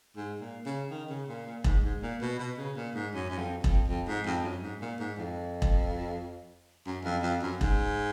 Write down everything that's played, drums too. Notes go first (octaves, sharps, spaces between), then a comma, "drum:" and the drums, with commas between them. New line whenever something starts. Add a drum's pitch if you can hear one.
G#2
A#2
C#3
D#3
C#3
A#2
A#2
G#2, drum: kick E1
G#2
A#2
B2
B2
C#3
A#2
G#2
F#2
F#2
F2
F2, drum: kick E1
F2
G#2
F2
F#2
G#2
A#2
G#2
F2
drum: kick E1
F#2
F2
F2
F#2
G#2, drum: kick E1